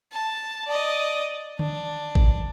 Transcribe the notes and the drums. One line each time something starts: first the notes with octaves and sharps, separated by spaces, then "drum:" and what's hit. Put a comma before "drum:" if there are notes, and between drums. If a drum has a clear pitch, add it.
A5
D5 D#5
D4, drum: tom D3
drum: kick G#1